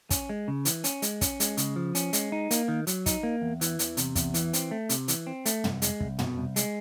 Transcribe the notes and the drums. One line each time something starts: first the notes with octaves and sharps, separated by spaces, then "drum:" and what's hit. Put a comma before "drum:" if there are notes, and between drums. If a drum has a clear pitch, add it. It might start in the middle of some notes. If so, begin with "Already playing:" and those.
C#4, drum: kick, hi-hat
G#3
C#3
E3, drum: hi-hat
C#4, drum: hi-hat
G#3, drum: hi-hat
C#4, drum: kick, hi-hat
G#3, drum: hi-hat
C#3, drum: hi-hat
F3
C#4, drum: hi-hat
G#3, drum: hi-hat
D#4
A#3, drum: hi-hat
D#3
F#3, drum: hi-hat
D#4, drum: kick, hi-hat
A#3
E2
E3, drum: hi-hat
E2, drum: hi-hat
C3, drum: hi-hat
E2, drum: kick, hi-hat
E3, drum: hi-hat
C4, drum: hi-hat
A3
C3, drum: hi-hat
E3, drum: hi-hat
C4
A3, drum: hi-hat
C2, drum: tom
G#3, drum: hi-hat
C2, drum: kick
B2, drum: tom
C2
G#3, drum: hi-hat